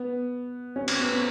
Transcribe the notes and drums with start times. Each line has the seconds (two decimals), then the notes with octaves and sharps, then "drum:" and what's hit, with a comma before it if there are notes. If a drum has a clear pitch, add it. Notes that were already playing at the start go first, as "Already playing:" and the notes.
Already playing: B3
0.76 C#4
0.88 C4, drum: cymbal
0.99 B3
1.11 C4